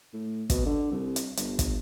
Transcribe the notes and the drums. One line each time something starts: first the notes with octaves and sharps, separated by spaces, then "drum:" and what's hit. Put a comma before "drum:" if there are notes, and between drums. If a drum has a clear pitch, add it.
A2
B2, drum: kick, hi-hat
D3
C2
drum: hi-hat
G1, drum: hi-hat
drum: kick, hi-hat